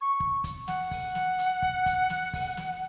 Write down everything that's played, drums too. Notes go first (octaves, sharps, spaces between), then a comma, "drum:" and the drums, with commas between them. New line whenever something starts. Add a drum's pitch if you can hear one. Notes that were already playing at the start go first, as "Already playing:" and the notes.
C#6
drum: kick
drum: kick, hi-hat
F#5, drum: snare
drum: kick, open hi-hat
drum: snare
drum: hi-hat
drum: kick
drum: kick, hi-hat
drum: snare
drum: kick, open hi-hat
drum: snare